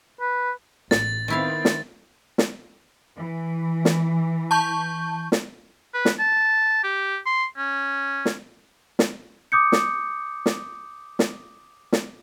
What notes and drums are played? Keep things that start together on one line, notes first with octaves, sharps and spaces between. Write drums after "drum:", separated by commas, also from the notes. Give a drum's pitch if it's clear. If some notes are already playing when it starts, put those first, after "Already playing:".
B4
A1 A6, drum: snare
D#3 B3 C4 E4 F5
drum: snare
drum: snare
E3
drum: snare
A5 C#6 G6
drum: snare
B4
drum: snare
A5
G4
C6
C#4
drum: snare
drum: snare
D6 D#6 G6 C#7
drum: snare
drum: snare
drum: snare
drum: snare